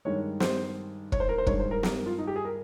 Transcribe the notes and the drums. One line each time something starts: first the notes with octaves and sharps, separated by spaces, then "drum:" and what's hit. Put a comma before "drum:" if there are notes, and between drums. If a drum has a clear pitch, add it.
G2 D#3 G#3 C#5
C5, drum: snare
C#5, drum: kick
C5
A#4
C5
G2 D#3 G#3 C#5, drum: kick
C5
A#4
A#4, drum: snare
F4
D#4
G4
G#4
A#4